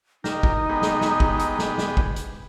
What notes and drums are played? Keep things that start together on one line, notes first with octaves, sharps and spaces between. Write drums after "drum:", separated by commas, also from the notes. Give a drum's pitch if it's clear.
D#4 G4 A#4, drum: snare
drum: kick
G#3 B3 G4
drum: snare
drum: snare
drum: kick
drum: hi-hat
drum: snare
drum: snare
drum: kick
drum: hi-hat